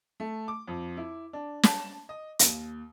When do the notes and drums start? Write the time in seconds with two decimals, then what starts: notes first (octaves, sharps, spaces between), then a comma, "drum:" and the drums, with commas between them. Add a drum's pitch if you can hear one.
0.20 A3
0.48 D6
0.68 F2
0.97 E4
1.33 D4
1.63 A5, drum: snare
2.09 D#5
2.39 D#2, drum: hi-hat